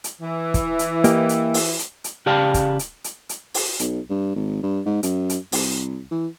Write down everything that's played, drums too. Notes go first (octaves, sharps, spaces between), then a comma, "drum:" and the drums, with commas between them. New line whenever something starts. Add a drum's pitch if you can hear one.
drum: hi-hat
E3
drum: kick, hi-hat
drum: hi-hat
A#3 G4 D#5, drum: hi-hat
drum: hi-hat
drum: open hi-hat
drum: hi-hat
drum: hi-hat
C#3 G4 D5 F5 A5
drum: kick, hi-hat
drum: hi-hat
drum: hi-hat
drum: hi-hat
drum: open hi-hat
B1, drum: hi-hat
G2
G#1
G2
G#2
F#2, drum: hi-hat
drum: hi-hat
C2, drum: open hi-hat
E3